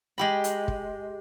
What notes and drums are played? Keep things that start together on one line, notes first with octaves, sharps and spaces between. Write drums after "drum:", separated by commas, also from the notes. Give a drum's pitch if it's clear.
G#3 G4 B5
drum: hi-hat
drum: kick